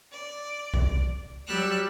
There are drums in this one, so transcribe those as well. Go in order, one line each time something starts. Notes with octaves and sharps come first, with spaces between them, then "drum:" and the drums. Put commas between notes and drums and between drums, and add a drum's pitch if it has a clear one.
D5
drum: kick B1
F#3 G3 E6 F#6